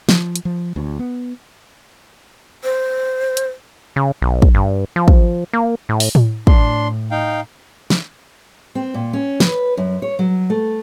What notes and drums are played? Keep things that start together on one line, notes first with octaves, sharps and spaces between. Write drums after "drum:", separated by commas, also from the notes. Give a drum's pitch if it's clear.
F3, drum: snare
drum: hi-hat
F3
D2
B3
C5
drum: hi-hat
C#3
B1
drum: kick
G2
F3
drum: kick
A#3
A2
drum: open hi-hat
drum: tom A2
A2 D4 C6, drum: kick
D#4 F5 G5
drum: snare
C4
A#2
C#4
B4, drum: snare
F#2
C#5
F#3
A3